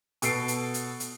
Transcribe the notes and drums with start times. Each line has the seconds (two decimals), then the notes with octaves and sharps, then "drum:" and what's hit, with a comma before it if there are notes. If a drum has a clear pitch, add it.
0.22 B2 A4 C7 D7, drum: hi-hat
0.48 drum: hi-hat
0.74 drum: hi-hat
1.00 drum: hi-hat